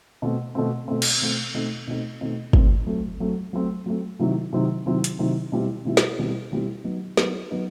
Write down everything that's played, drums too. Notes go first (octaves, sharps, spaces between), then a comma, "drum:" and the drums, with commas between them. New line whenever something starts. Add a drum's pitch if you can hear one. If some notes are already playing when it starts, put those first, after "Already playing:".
B2 A3 C4
B2 A3 C4
B2 A3 C4
drum: cymbal
B2 A3 C4
B2 A3 C4 D#4
B2 A3 C4 D#4
B2 A3 C4 D#4
B2 A3 C4 D#4, drum: kick
F#3 A3 C4
F#3 A3 C4
F#3 A3 C4
F#3 A3 C4
C3 D#3 F#3 C4 E4
C3 D#3 F#3 C4 E4
C3 D#3 F#3 C4 E4
drum: hi-hat
C3 D#3 F#3 C4 E4
B2 G3 C4 E4
B2 G3 C4 E4
drum: snare
B2 G3 C4 E4
B2 G3 C4 E4
F#3 B3 D#4
F#3 B3 D#4, drum: snare
F#3 B3 D#4